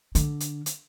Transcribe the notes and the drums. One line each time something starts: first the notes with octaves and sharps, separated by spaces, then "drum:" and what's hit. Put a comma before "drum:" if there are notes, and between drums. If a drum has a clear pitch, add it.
D3, drum: hi-hat
drum: hi-hat
drum: hi-hat